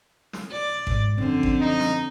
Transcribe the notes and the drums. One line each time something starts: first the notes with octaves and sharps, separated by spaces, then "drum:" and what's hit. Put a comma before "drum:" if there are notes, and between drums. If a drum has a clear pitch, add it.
drum: snare
D5
G#2, drum: kick G#1
F#2 D3 F3 C4
drum: kick G#1
D#4
drum: snare